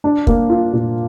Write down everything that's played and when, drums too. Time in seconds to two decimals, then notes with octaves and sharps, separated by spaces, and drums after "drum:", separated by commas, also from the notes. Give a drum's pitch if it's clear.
0.04 D4
0.27 A#3, drum: kick
0.50 F4
0.73 A#2